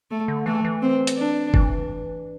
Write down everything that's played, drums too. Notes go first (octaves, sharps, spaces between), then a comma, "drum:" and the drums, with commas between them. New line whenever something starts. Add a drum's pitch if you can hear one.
A3
D3
E3 A3
E3
C4
drum: hi-hat
D4
E3, drum: kick F#1